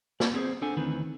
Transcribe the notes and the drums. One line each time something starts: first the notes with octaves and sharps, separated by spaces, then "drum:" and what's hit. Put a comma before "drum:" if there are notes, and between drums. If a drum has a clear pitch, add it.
D5 A5, drum: snare
B3 C4 G4 G#4 C5
D4 A4 C5 F#5 G#5
D2 D#3 E3 C4 B4